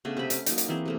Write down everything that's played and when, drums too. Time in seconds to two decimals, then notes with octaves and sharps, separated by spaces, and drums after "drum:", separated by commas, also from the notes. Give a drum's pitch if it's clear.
0.05 C#3 A3 B3 D4
0.17 C3 B5
0.30 C#4, drum: hi-hat
0.46 F#3 A#3 D#4, drum: hi-hat
0.58 drum: hi-hat
0.68 E3 C4 G#4
0.85 C3 A3 A#3